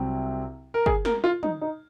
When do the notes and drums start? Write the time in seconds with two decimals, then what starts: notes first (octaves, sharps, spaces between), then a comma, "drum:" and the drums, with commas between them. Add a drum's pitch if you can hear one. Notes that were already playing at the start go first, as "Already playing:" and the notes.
Already playing: C2 C3 F#3 C4
0.74 A#4
0.86 G#4, drum: kick
1.05 A#4, drum: snare
1.24 F4
1.43 D#4, drum: tom
1.61 D#4